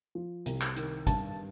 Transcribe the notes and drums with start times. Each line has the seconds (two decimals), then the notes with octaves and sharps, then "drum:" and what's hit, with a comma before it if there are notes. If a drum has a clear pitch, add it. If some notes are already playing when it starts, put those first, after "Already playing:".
0.15 F3
0.46 C2, drum: hi-hat
0.61 drum: clap
0.76 D#3, drum: hi-hat
1.07 G2 A5, drum: kick, hi-hat